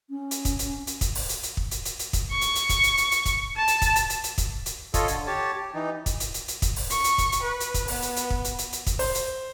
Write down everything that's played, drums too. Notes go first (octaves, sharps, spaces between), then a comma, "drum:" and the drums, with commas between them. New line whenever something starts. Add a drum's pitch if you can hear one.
C#4
drum: hi-hat
drum: kick, hi-hat
drum: hi-hat
drum: hi-hat
drum: kick, hi-hat
drum: open hi-hat
drum: hi-hat
drum: hi-hat
drum: kick
drum: hi-hat
drum: hi-hat
drum: hi-hat
drum: kick, hi-hat
C#6
drum: hi-hat
drum: hi-hat
drum: kick, hi-hat
drum: hi-hat
drum: hi-hat
drum: hi-hat
drum: kick, hi-hat
A5
drum: hi-hat
drum: kick, hi-hat
drum: hi-hat
drum: hi-hat
drum: hi-hat
drum: kick, hi-hat
drum: hi-hat
F4 A4 C#5 D#5, drum: kick, hi-hat
D3, drum: hi-hat
G4 C#5 A5
G4
E3 D#4
drum: kick, hi-hat
drum: hi-hat
drum: hi-hat
drum: hi-hat
drum: kick, hi-hat
drum: open hi-hat
C#6, drum: hi-hat
drum: hi-hat
drum: kick, hi-hat
drum: hi-hat
B4
drum: hi-hat
drum: kick, hi-hat
B3, drum: open hi-hat
drum: hi-hat
drum: hi-hat
drum: kick
drum: hi-hat
drum: hi-hat
drum: hi-hat
drum: kick, hi-hat
C5, drum: open hi-hat
drum: hi-hat